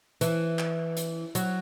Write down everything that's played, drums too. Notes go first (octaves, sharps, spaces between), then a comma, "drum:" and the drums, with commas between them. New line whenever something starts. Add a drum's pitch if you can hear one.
E3, drum: hi-hat
drum: clap
drum: hi-hat
F#3, drum: hi-hat